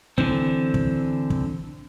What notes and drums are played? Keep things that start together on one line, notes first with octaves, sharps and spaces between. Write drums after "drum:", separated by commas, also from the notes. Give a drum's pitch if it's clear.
D3 E3 C4, drum: kick
drum: kick
drum: kick